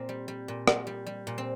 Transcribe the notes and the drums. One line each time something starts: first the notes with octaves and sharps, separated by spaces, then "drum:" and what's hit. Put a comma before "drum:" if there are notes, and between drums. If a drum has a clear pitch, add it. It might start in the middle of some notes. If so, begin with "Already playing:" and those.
Already playing: A#2 C4
G3
G3
A#2
A#2, drum: rim click
G3
G3
A#2
C4